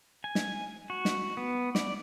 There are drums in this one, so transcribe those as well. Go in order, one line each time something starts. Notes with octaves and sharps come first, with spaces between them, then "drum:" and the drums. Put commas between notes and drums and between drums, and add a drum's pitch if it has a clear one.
G#5
drum: snare
F#4
drum: snare
B3
D5, drum: snare